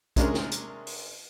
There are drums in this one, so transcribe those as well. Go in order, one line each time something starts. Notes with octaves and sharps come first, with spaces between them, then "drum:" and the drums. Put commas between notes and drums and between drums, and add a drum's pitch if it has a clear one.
C3 G#3 C#4 D4 G#4 A#4, drum: kick, hi-hat
drum: snare
drum: hi-hat
drum: open hi-hat